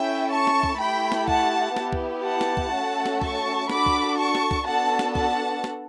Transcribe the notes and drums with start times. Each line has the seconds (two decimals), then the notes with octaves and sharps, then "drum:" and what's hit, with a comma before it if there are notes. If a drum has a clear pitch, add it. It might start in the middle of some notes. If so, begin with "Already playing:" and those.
Already playing: C#4 E4 A4 E5 G5
0.31 A5 C#6
0.47 drum: snare
0.63 drum: kick
0.79 A3 E4 G4 G5 B5
1.12 drum: snare
1.28 F#5 A5, drum: kick
1.76 B3 E4 G4, drum: snare
1.93 drum: kick
2.25 F#5 A5
2.41 drum: snare
2.57 drum: kick
2.73 A3 C#4 F#4 A4
3.06 drum: snare
3.22 A5 C#6, drum: kick
3.70 D4 F#4 A4 B5 D6, drum: snare
3.86 drum: kick
4.18 A5 C#6
4.35 drum: snare
4.51 drum: kick
4.67 B3 D4 F#4 A4 F#5 A5
4.99 drum: snare
5.15 F#5 A5, drum: kick
5.64 drum: snare